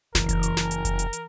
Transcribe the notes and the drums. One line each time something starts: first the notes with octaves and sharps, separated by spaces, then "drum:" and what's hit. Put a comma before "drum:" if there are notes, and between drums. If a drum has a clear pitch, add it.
F#1 E3 A#4, drum: snare
drum: kick F1, hi-hat
drum: hi-hat
drum: snare
drum: hi-hat
drum: kick F1, hi-hat
drum: hi-hat
drum: hi-hat